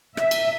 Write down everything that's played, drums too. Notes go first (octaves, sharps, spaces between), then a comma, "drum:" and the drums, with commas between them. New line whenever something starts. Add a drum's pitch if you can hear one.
E5, drum: rim click
drum: cymbal